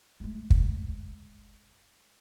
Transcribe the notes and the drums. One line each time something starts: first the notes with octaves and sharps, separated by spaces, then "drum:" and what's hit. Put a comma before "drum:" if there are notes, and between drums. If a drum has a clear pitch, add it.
G#3 A3
drum: kick